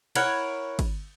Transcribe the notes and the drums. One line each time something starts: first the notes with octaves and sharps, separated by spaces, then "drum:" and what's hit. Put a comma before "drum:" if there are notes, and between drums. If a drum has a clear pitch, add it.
E4 A#4 C#5 F#5, drum: cymbal
drum: kick, cymbal